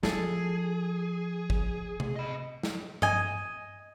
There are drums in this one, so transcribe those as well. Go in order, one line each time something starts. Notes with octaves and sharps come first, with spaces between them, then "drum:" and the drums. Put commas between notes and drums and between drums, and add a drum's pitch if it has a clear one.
F3 G#4 A4, drum: snare
drum: kick
drum: tom C3
D#5 B5
drum: snare
D#5 G#5, drum: tom G2